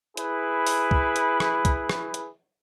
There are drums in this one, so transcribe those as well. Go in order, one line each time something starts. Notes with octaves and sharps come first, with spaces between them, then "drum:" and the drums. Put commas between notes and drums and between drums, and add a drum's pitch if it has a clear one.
E4 G#4 B4, drum: hi-hat
drum: open hi-hat
drum: kick
drum: hi-hat
drum: rim click
drum: kick, hi-hat
drum: rim click
drum: hi-hat